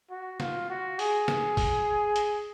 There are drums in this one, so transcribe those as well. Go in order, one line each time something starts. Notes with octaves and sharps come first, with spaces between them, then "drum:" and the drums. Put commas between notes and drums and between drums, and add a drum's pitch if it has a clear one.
F#4
F4, drum: snare
F#4
G#4, drum: open hi-hat
drum: snare
drum: kick, open hi-hat
drum: hi-hat